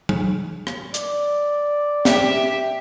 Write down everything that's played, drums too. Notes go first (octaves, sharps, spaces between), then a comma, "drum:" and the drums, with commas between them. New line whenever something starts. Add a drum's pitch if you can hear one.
drum: tom F#3
drum: rim click
D5, drum: hi-hat
G4 E5, drum: snare